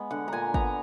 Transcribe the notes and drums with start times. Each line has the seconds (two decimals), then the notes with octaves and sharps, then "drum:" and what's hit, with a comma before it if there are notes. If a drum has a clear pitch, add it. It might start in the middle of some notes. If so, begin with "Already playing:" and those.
Already playing: G#3 B3
0.11 D3 F#5
0.28 A#2 G#5 A#5
0.54 B3 A#5, drum: kick